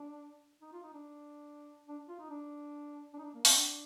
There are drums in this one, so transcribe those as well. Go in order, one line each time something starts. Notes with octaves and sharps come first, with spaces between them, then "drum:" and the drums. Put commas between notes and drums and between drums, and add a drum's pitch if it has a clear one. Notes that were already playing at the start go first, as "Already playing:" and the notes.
Already playing: D4
D#4
F4
D#4
D4
D4
F4
D#4
D4
D4
D#4
D4
A#3
C4, drum: open hi-hat
D4